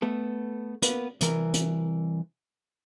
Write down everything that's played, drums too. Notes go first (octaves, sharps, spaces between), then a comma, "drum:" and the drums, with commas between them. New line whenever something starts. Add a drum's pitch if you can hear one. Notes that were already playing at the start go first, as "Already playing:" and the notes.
A3 B3 A4
A#3 B3 B4, drum: hi-hat
C2 E3 A#4, drum: hi-hat
drum: hi-hat